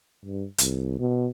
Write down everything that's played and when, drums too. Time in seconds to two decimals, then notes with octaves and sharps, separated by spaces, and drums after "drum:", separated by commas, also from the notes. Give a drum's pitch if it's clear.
0.25 G2
0.58 C2, drum: hi-hat
0.99 B2